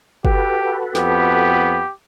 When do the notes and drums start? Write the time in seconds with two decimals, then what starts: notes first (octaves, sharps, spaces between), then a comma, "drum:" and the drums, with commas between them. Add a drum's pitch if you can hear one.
0.25 F#4 G4 A4 B4, drum: kick
0.95 F2 B3 G4, drum: snare